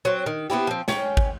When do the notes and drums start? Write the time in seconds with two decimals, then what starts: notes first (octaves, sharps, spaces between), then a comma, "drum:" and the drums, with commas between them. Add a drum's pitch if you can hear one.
0.05 F#3 C4
0.26 D#3
0.50 B3 C4 E4 G4
0.67 F3 C4
0.88 C#4 G5, drum: snare
1.17 drum: kick